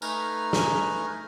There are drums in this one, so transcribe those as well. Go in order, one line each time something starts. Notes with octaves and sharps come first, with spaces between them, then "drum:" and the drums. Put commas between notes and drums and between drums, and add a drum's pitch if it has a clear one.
A3 D#4 B4 G#5 A#5 F6, drum: tambourine
drum: snare